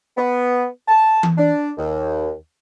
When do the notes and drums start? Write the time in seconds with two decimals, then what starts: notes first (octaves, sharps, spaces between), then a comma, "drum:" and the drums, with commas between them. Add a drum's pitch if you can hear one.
0.17 B3
0.88 A5
1.23 drum: tom E3
1.38 D4
1.78 D#2